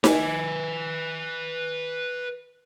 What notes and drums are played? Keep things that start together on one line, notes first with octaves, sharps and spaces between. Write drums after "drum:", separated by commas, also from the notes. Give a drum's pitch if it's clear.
B4 G#5, drum: snare D#4